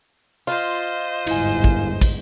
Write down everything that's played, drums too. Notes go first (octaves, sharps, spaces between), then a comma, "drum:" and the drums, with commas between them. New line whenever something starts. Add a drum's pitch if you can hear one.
F4 C5 D#5
G1 E2 G#2 E4 G#5, drum: cymbal
drum: kick
drum: kick, cymbal